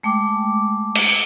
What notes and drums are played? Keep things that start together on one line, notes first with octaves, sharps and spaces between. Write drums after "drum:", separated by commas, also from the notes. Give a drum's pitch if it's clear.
G#3 A3 G5 D6
drum: cymbal